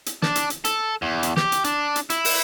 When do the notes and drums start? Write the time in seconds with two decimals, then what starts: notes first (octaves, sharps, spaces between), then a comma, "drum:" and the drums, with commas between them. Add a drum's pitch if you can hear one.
0.06 drum: hi-hat
0.22 D4, drum: snare
0.35 drum: hi-hat
0.50 drum: hi-hat
0.65 A4, drum: hi-hat
1.02 E2
1.23 drum: hi-hat
1.37 G4, drum: snare
1.52 drum: hi-hat
1.64 D4, drum: hi-hat
1.96 drum: hi-hat
2.10 E4, drum: hi-hat
2.25 drum: open hi-hat